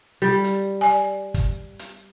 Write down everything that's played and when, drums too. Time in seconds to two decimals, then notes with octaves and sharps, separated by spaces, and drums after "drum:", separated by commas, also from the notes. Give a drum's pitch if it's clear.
0.22 G3
0.44 drum: hi-hat
0.81 D5 G#5
1.34 drum: kick, hi-hat
1.79 drum: hi-hat